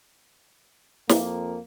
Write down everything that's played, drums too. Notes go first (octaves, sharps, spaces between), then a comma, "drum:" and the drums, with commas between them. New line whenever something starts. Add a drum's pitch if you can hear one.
F2 A#3, drum: snare